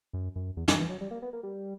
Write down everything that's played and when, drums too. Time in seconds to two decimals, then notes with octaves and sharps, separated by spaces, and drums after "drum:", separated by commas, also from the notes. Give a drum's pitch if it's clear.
0.13 F#2
0.36 F#2
0.57 E2
0.68 F#2, drum: snare
0.79 E3
0.89 F#3
1.01 G3
1.11 A#3
1.22 B3
1.33 A#3
1.43 G3